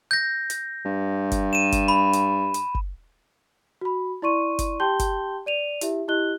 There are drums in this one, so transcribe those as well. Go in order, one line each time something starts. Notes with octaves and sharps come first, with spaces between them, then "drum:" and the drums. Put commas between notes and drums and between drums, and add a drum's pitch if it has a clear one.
G6 A#6
drum: hi-hat
G2
drum: kick F#1, hi-hat
D#7 E7
drum: kick F#1, hi-hat
B5
drum: hi-hat
drum: hi-hat
drum: kick F#1
F#4 B5
E4 D5 C6 C#6 D#7
drum: kick F#1, hi-hat
G4 G5 A5 C6 G6 G7
drum: kick F#1, hi-hat
D5 D#7 F7
E4 G4 E5, drum: hi-hat
E4 G4 D#5 F#6 G7